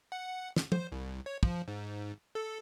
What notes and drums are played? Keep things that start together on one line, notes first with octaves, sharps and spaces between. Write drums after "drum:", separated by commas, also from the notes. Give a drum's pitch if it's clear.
F#5
drum: snare
C5, drum: tom
C2
C#5
F3, drum: kick
G#2
A4